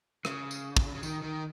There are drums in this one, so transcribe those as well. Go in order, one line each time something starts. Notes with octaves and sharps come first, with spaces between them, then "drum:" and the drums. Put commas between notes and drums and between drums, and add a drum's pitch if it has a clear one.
C#3, drum: rim click
drum: tambourine
drum: kick
C#3
D#3, drum: tambourine
D#3